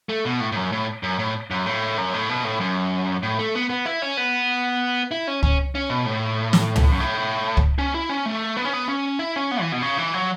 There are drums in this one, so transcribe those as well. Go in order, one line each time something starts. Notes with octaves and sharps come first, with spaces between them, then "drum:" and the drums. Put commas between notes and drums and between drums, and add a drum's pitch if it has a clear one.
A3
B2
A2
A2
F#2
A2
F#2
A2
F#2
A2
F#2
A2
B2
A2
F#2
A2
A3
B3
B3
E4
C#4
B3
E4
C#4
C#4, drum: kick C#2
C#4
B2
A2
drum: snare
drum: tom
F#2
A2
drum: kick C#2
C#4
E4
C#4
A3
B3
C#4
B3
C#4
E4
C#4
B3
E3
B2
C#3
E3
F#3